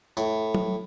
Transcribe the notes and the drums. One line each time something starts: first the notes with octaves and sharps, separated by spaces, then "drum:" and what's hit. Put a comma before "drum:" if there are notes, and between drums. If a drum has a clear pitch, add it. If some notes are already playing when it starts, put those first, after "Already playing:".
A2, drum: tambourine
drum: tom F#3